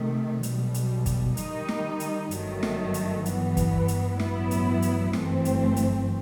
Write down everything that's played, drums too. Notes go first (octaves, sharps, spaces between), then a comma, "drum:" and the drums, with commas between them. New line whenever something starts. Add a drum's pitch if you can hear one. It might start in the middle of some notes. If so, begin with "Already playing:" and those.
Already playing: C3 D#3 A3
B1 B2 G3, drum: hi-hat
drum: hi-hat
drum: kick, hi-hat
D#3 G3 D#4, drum: hi-hat
drum: snare
drum: hi-hat
G1 G2 D#3 F#3 A3, drum: hi-hat
drum: snare
drum: hi-hat
G2 E3 B3, drum: hi-hat
drum: kick, hi-hat
drum: hi-hat
A1 G2 F#3 B3 E4, drum: snare
drum: hi-hat
drum: hi-hat
G1 F#2 E3 A3 C4, drum: snare
drum: hi-hat
drum: hi-hat